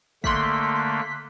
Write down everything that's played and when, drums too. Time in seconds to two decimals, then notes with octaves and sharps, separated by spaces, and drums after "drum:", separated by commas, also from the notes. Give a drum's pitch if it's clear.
0.24 D3 A3 A#3 C6 F#6 B6, drum: kick